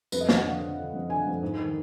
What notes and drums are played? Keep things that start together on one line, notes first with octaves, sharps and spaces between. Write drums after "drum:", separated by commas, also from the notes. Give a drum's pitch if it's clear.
F2 B4, drum: tambourine
D#5
D3 F5, drum: snare
F#5
D3
D3
D3
F2
D3 G#5
F2
G#2
D#3